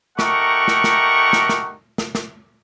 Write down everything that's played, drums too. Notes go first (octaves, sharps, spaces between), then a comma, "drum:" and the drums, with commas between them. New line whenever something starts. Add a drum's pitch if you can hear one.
A3 D#4 G4 A#4 F#5 C#6, drum: snare
drum: snare
drum: snare
drum: snare
drum: snare
drum: snare
drum: snare